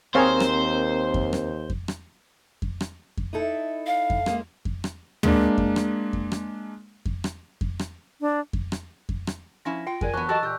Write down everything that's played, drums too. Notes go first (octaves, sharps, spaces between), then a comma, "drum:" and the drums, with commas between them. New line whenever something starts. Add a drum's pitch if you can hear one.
D#2 C4 G#4 A#4 C5 C#5 F5 A#5
drum: rim click
drum: kick F2
drum: rim click
drum: kick F2
drum: rim click
drum: kick F2
drum: rim click
drum: kick F2
D#4 E4 A4
F5
drum: kick F2
G#3 A#3 C#4, drum: rim click
drum: kick F2
drum: rim click
G#3 A#3 D4, drum: tom
drum: kick F2
drum: rim click
drum: kick F2
drum: rim click
drum: kick F2
drum: rim click
drum: kick F2
drum: rim click
D4
drum: kick F2
drum: rim click
drum: kick F2
drum: rim click
F3 C#4 E4 A#6
F4 G5
G#4 A#4 D5 G#5, drum: kick F2
E3 F#3 B3 A5 C#6 F#6
F#3 F#4 G4 A4 D#5 A5 E6 F#6
A#2 G4 E6 G6